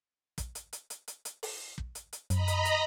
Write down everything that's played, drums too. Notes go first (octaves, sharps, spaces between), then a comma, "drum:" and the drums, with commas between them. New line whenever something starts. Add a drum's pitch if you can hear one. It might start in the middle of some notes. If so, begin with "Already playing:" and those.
drum: kick, hi-hat
drum: hi-hat
drum: hi-hat
drum: hi-hat
drum: hi-hat
drum: hi-hat
drum: open hi-hat
drum: kick
drum: hi-hat
drum: hi-hat
F#2 D#5 A#5 B5, drum: hi-hat
drum: hi-hat
drum: hi-hat